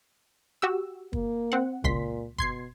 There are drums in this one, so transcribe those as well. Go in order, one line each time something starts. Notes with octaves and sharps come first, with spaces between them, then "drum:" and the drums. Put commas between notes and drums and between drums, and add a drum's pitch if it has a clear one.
F#4 G4 E6
A#3, drum: kick
C4 F#5
C#2 A#2 C6 B6, drum: kick
B2 C6 G#6 C7, drum: kick